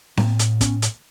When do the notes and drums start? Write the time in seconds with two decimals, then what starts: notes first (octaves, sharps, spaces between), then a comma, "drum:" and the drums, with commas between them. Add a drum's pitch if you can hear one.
0.17 A2 A#3 C4, drum: snare C4
0.39 drum: hi-hat
0.61 B3 C#4, drum: kick, hi-hat
0.82 drum: hi-hat